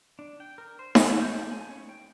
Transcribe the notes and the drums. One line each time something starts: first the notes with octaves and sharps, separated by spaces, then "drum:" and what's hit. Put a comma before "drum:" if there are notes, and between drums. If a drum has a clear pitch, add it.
D4
G5
A#4
C5
D#5, drum: snare D#4
F#4
G6
A5
G#5
C#4
G5